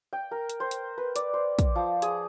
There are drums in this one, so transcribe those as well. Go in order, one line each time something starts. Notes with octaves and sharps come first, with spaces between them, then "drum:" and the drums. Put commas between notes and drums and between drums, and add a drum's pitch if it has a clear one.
G5
A#4
drum: hi-hat
C5
drum: hi-hat
B4
D5, drum: hi-hat
C5
drum: kick, hi-hat
F3
G#4, drum: hi-hat